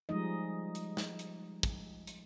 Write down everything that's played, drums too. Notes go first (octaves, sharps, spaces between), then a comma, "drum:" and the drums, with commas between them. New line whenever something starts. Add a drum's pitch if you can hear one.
F3 G3 G#3 D#4 D#5
drum: hi-hat
drum: snare
drum: hi-hat
drum: kick, hi-hat
drum: hi-hat